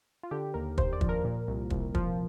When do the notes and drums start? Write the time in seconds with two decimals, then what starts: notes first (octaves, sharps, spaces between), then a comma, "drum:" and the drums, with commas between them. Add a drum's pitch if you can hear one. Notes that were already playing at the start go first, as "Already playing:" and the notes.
0.23 F4
0.31 D3 G4
0.54 D#2 A#4
0.78 D#2 C5, drum: kick
0.93 D5
1.01 F3, drum: kick
1.09 A#4
1.24 A#2
1.48 C2
1.70 C2, drum: kick
1.95 F3, drum: kick